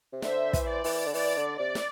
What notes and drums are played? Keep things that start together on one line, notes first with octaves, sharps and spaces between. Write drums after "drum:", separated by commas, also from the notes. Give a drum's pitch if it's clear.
C3
D3 C5 E5, drum: snare
E3, drum: kick, hi-hat
D5
E3, drum: open hi-hat
D3
E3 D5, drum: open hi-hat
D3
C3 D5
drum: snare